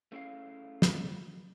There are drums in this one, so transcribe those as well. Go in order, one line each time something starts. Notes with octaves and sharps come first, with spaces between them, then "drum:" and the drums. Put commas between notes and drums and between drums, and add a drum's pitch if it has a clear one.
A3 C#4 E4 G#4 F5
drum: snare